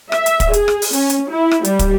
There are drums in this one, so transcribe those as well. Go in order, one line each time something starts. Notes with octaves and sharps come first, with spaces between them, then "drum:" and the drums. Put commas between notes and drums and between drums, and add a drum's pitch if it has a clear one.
E5, drum: rim click
drum: hi-hat
drum: kick, hi-hat
G#4, drum: hi-hat
drum: rim click
drum: open hi-hat
C#4, drum: hi-hat
drum: hi-hat
E4
drum: rim click
G3, drum: hi-hat
drum: kick, hi-hat